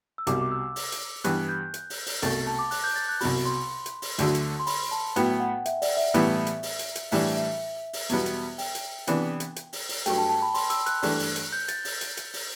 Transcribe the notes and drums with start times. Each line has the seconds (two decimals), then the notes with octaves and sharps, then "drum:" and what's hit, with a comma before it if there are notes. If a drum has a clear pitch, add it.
0.18 E6
0.27 C2 B2 G3 D6, drum: hi-hat
0.42 D6
0.51 E6
0.76 drum: open hi-hat
0.92 drum: hi-hat
1.24 G2 E3 G3 B3 F#6, drum: hi-hat
1.49 G6
1.74 drum: hi-hat
1.90 drum: open hi-hat
2.06 drum: open hi-hat
2.22 C2 B2 A3 A6, drum: hi-hat
2.47 A5
2.59 D6
2.71 F#6, drum: open hi-hat
2.84 G6
2.96 A6
3.09 F#6
3.21 C2 B2 F#3 B5, drum: open hi-hat
3.46 C6
3.86 drum: hi-hat
4.02 drum: open hi-hat
4.18 D2 D3 F#3, drum: hi-hat
4.35 drum: hi-hat
4.60 C6
4.67 B5, drum: open hi-hat
4.91 A5
5.16 A2 F#3 B3 G5, drum: hi-hat
5.40 F#5
5.66 E5, drum: hi-hat
5.82 D5, drum: open hi-hat
5.97 E5
6.14 A2 E3 G3 B3, drum: hi-hat
6.47 drum: hi-hat
6.63 drum: open hi-hat
6.79 drum: hi-hat
6.95 drum: hi-hat
7.11 A2 E3 G3 D4 E5, drum: open hi-hat
7.37 E5
7.93 drum: open hi-hat
8.09 E2 B2 G3 B3, drum: hi-hat
8.26 drum: hi-hat
8.58 G5, drum: open hi-hat
8.75 drum: hi-hat
9.07 C3 E3 B3 D4, drum: hi-hat
9.40 drum: hi-hat
9.56 drum: hi-hat
9.73 drum: open hi-hat
9.89 drum: open hi-hat
10.06 G2 F#3 A3 G5, drum: hi-hat
10.18 A5
10.29 A5
10.42 B5
10.54 C6, drum: open hi-hat
10.70 E6, drum: hi-hat
10.86 F#6, drum: hi-hat
11.03 G2 E3 A3 D4, drum: open hi-hat
11.19 drum: open hi-hat
11.36 drum: hi-hat
11.52 G6
11.68 A6, drum: hi-hat
11.85 drum: open hi-hat
12.01 drum: hi-hat
12.17 drum: hi-hat
12.34 drum: open hi-hat